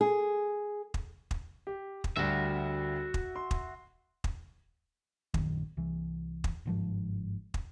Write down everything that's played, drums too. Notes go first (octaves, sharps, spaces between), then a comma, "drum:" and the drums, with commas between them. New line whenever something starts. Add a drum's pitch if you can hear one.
G#4
drum: kick
drum: kick
G4
drum: kick
D2 G3 F#4 E5
drum: kick
C6
drum: kick
drum: kick
A#1 F#2 D#3, drum: kick
C2 E3
drum: kick
G1 G#2 F3
drum: kick